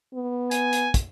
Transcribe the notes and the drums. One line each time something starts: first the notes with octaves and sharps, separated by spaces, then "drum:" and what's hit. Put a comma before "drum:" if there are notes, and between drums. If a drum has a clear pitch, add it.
B3
G#5, drum: hi-hat
drum: hi-hat
drum: kick, hi-hat